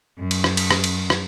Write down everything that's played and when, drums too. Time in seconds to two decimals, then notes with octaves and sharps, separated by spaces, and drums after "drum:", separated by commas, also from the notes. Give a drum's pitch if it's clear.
0.18 F#2
0.31 drum: cymbal
0.44 drum: rim click
0.57 drum: cymbal
0.71 drum: rim click
0.84 drum: cymbal
1.10 drum: rim click